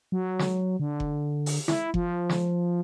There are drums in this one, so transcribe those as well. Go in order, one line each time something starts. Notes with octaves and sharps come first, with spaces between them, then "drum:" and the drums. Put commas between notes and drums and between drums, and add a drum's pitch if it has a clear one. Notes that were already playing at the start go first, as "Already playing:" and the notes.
F#3
drum: snare
D3
drum: kick F#1
drum: open hi-hat
E4, drum: snare
F3, drum: kick F#1
drum: snare